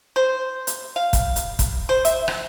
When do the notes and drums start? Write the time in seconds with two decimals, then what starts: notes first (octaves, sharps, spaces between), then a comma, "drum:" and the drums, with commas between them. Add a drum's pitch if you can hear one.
0.16 C5
0.67 drum: hi-hat
0.96 F5
1.13 drum: kick, hi-hat
1.36 drum: hi-hat
1.59 drum: kick, hi-hat
1.89 C5
2.05 E5, drum: hi-hat
2.28 drum: rim click